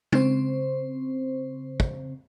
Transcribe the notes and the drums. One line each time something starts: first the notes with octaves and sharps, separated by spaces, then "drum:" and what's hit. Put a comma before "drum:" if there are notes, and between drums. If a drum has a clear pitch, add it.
C#3 C4 C5, drum: tom
drum: kick